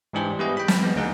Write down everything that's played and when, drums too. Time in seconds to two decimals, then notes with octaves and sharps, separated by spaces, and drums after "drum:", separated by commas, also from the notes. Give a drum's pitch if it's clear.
0.13 G#2 E3 D4 G4 G#4 C5
0.39 G3 B3 E4 G#4 D#5
0.57 G5 B5
0.68 drum: snare
0.83 G#3 B3
0.96 D2 A#3 D#4 G#4 F#5